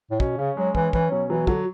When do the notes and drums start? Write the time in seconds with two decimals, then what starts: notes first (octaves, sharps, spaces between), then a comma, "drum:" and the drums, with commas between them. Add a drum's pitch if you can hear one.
0.11 A2
0.20 B2 C#4, drum: kick
0.38 C#3 C#4
0.57 F#3 G#3
0.75 E3 C#4, drum: kick
0.93 E3 C#4, drum: kick
1.11 B2 F#3
1.29 E3 F#3
1.47 D3 F#3, drum: kick